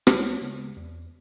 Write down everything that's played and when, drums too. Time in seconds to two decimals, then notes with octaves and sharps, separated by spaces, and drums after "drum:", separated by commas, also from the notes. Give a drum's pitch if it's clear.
0.07 D2 C#5, drum: rim click
0.42 C#3 G#3 B3
0.77 E2